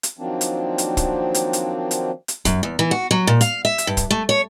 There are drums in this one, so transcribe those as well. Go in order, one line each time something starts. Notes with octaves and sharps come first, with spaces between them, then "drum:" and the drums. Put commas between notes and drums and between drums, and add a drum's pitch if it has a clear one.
drum: hi-hat
D#3 F3 F#3 A#3 C4 D4
drum: hi-hat
drum: hi-hat
drum: kick, hi-hat
drum: hi-hat
drum: hi-hat
drum: hi-hat
drum: hi-hat
F#2, drum: kick, hi-hat
E2
E3
F#4
F#3
A#2
F5, drum: hi-hat
E5
drum: hi-hat
G2
drum: kick, hi-hat
A3
C#5